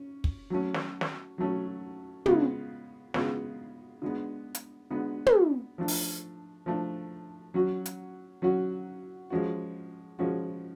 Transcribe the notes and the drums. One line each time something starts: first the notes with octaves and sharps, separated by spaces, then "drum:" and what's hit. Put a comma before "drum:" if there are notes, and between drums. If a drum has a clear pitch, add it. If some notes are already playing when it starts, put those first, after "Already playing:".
Already playing: C#4
drum: kick
F#3 A3 C#4
drum: snare
drum: snare
F#3 A3 C#4
C#3 G#3 B3 F4, drum: tom
C#3 G#3 B3 F4, drum: snare
D3 G#3 B3
drum: hi-hat
D3 G#3 B3
drum: tom
F3 A3 D4
drum: open hi-hat
F3 A3 D4
F#3 C#4 F#4
drum: hi-hat
F#3 C#4 F#4
F3 G#3 C#4 F#4
F3 G#3 C#4 F#4